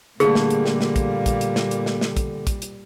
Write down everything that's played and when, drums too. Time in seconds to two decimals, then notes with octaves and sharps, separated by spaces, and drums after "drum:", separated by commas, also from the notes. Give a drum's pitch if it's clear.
0.20 A#2 D3 G3 A3 A#3 G#4, drum: hi-hat
0.35 drum: snare
0.50 drum: hi-hat
0.66 drum: snare
0.81 drum: snare
0.96 drum: kick, hi-hat
1.26 drum: kick, hi-hat
1.41 drum: hi-hat
1.56 drum: snare
1.71 drum: hi-hat
1.86 drum: snare
2.01 drum: snare
2.17 drum: kick, hi-hat
2.47 drum: kick, hi-hat
2.62 drum: hi-hat